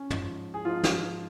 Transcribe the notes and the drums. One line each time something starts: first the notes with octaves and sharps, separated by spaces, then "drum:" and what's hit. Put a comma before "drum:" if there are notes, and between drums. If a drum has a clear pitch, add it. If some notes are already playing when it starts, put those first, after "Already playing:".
Already playing: C#4
G#2 F3, drum: tom
G#4
G#2 F3 F4
drum: snare